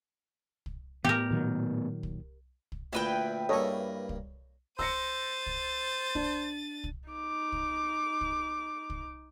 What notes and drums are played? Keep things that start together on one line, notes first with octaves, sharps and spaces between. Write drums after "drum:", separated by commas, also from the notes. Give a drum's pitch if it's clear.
drum: kick
A2 B3 G4 A#4
A#2 D#3 F#3
drum: kick
drum: kick
D2 A#2 E4 B4 G5
G2 A#3 A4 C#5 D#5
drum: kick
C5 E6 A6 A#6 C#7 D#7, drum: kick
drum: kick
D4, drum: kick
drum: kick
D#4 D6
drum: kick
drum: kick
drum: kick